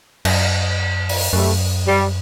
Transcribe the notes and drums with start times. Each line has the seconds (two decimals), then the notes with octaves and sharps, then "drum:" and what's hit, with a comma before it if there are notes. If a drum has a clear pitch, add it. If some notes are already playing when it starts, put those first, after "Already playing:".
0.25 F#2, drum: cymbal
1.09 drum: open hi-hat
1.33 F#2 G3 A3
1.87 G3